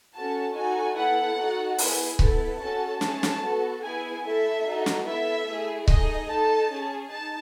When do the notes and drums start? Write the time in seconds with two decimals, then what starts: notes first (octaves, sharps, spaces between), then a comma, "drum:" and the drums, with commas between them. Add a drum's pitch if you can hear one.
0.14 C#4 F#4 A4 A5
0.55 D#4 F#4 A4 G#5
0.96 B3 E4 A4 F#5
1.37 D#4 F#4 A4
1.78 B3 E4 G#4, drum: open hi-hat
2.19 B3 E4 A4, drum: kick C#1
2.60 C#4 F#4 A4 A5
3.01 A3 C#4 G#4 A5, drum: snare
3.23 drum: snare
3.43 B3 F#4 A4
3.83 B3 E4 G#4 G#5
4.24 A3 E4 A4 E5
4.65 D#4 F#4 A4
4.86 drum: snare
5.06 B3 E4 A4 E5
5.47 A3 E4 G#4
5.88 A3 D#4 G#4 D#5, drum: kick C#1
6.28 D#4 A4 A5
6.70 C#4 G#4
7.10 D#4 A5